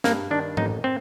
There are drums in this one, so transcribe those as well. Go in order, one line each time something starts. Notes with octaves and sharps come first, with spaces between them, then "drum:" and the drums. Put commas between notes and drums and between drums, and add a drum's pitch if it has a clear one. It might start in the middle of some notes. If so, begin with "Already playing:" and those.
G2 A#3, drum: snare
D#3 D4
A1 D#4, drum: tom G#2
C4